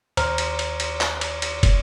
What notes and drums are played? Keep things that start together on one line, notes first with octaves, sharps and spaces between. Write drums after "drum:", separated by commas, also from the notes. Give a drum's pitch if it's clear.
D#2 C5 A#5 F6, drum: cymbal
drum: cymbal
drum: cymbal
drum: cymbal
drum: clap
drum: cymbal
drum: cymbal
drum: kick, cymbal